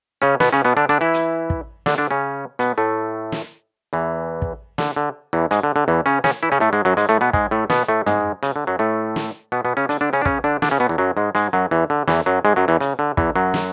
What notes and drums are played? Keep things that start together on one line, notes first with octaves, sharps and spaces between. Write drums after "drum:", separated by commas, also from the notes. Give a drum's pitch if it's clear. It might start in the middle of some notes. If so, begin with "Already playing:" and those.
C#3 C#4
B2 B3, drum: snare
C#3 C#4
B2 B3
D3 D4
D3 D4
E3 E4
drum: hi-hat
drum: kick
D3 D4, drum: snare
D3 D4
C#3 C#4
B2 B3, drum: hi-hat
A2 A3
drum: snare
E2 E3
drum: kick
D3, drum: snare
D3
E2 E3
G#2 G#3, drum: hi-hat
D3
D3
E2 E3
C#3 C#4
C#3 C#4, drum: snare
E3 E4
C#3 C#4
A2 A3
G#2 G#3
F#2 F#3
G#2 G#3, drum: hi-hat
A2 A3
B2 B3
G#2 G#3, drum: kick
A2 A3
B2 B3, drum: snare
A2 A3
G#2 G#3, drum: tom
C#3, drum: hi-hat
D3
F#2 F#3
A2 A3
drum: snare
B2 B3
B2 B3
C#3 C#4
D3 D4, drum: hi-hat
D3 D4
C#3 C#4
D4
C#3 C#4, drum: kick
D3 D4
D3 D4, drum: snare
C#3 C#4
B2 B3
E2 E3
F#2 F#3
G#2 G#3
G#2 G#3, drum: hi-hat
F#2 F#3
E2 E3
D3
E2 E3, drum: snare
F#2 F#3
G#2 G#3
F#2 F#3
E2 E3
C#3, drum: hi-hat
D3
E2 E3, drum: kick
F#2 F#3
drum: snare